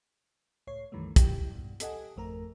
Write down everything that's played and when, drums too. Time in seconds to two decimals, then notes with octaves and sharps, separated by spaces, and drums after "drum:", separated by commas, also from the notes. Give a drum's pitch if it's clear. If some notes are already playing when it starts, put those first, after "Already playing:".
0.67 C#2 A2 C#5 C7
0.92 C2 F#2 D#3 E3 G3 A3
1.16 E4 G4 G5, drum: kick, hi-hat
1.51 G2 B2
1.80 G4 A4 D#5 F#5 G#5, drum: hi-hat
2.16 G#1 F2 A3 A#4 A#5